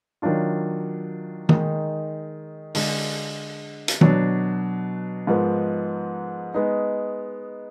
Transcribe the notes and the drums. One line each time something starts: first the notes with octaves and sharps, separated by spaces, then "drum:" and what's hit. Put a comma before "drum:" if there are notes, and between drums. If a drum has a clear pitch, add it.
D#3 F#3 D4 F4
D#3 G#3 D#4, drum: tom
D3 G#3 D4, drum: open hi-hat
drum: hi-hat
B2 F#3 D4, drum: tom
G#2 F3 B3 D#4 A#4
G#3 B3 D#4